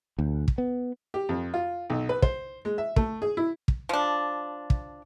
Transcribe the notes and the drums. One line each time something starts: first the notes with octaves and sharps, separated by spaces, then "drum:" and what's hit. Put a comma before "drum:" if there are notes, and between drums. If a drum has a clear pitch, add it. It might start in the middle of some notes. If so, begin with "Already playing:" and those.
D2
drum: kick
B3
G4
F2
F4
B1
B4
C5, drum: kick
G#3
E5
A3, drum: kick
G#4
E4
drum: kick
F3 D4
drum: kick